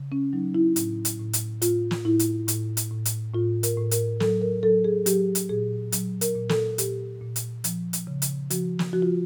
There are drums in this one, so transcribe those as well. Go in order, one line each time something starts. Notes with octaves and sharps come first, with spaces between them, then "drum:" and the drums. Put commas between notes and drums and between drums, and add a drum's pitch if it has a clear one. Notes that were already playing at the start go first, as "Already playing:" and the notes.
Already playing: C#3
C#4
F#3 D#4
E4
A2, drum: hi-hat
drum: hi-hat
A2
drum: hi-hat
A2 F4, drum: hi-hat
drum: snare
A2 E4
drum: hi-hat
A2, drum: hi-hat
drum: hi-hat
A2
drum: hi-hat
A2 F4
A#4, drum: hi-hat
A2
A#4, drum: hi-hat
F#3 A4, drum: snare
A#4
F#3 A4
G#4
F#3 G4, drum: hi-hat
drum: hi-hat
A#2 G#4
F#3, drum: hi-hat
A#4, drum: hi-hat
A#2
A4, drum: snare
A#2 G4, drum: hi-hat
A#2
drum: hi-hat
F3, drum: hi-hat
drum: hi-hat
C#3
drum: hi-hat
F3 F#4, drum: hi-hat
drum: snare
F3 F#4
F4